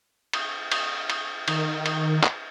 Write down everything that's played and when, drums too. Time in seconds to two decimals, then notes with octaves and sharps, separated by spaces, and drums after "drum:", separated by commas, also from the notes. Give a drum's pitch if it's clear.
0.33 drum: cymbal
0.71 drum: cymbal
1.10 drum: cymbal
1.48 D#3, drum: cymbal
1.86 drum: cymbal
2.24 drum: clap